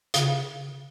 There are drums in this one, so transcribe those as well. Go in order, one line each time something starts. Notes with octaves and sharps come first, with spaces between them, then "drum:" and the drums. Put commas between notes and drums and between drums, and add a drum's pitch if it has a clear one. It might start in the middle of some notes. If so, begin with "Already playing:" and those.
C#3, drum: hi-hat